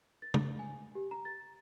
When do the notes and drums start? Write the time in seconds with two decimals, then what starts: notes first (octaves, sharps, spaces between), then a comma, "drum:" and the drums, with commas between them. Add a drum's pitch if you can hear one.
0.22 A6
0.34 drum: tom
0.59 G#5
0.95 G4
1.11 A#5
1.25 A6